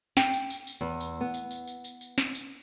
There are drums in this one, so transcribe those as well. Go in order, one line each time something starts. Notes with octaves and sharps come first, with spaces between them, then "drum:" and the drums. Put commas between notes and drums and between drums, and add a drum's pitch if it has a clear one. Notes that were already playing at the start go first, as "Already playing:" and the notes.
G5, drum: snare
drum: tambourine
drum: tambourine
drum: tambourine
E2
drum: tambourine
B3
drum: tambourine
drum: tambourine
drum: tambourine
drum: tambourine
drum: tambourine
drum: snare
drum: tambourine